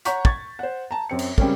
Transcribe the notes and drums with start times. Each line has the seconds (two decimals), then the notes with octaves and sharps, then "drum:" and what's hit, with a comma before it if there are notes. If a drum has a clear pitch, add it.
0.05 C#5 F#5 A#5 C#6 G6 B6, drum: hi-hat
0.25 C#6 G#6 A6, drum: kick
0.59 C5 F#5
0.91 A5 A#5
1.09 F#2 C4 C#7
1.19 drum: cymbal
1.38 C#3 G3 G#3 C4 C#4 A#4, drum: kick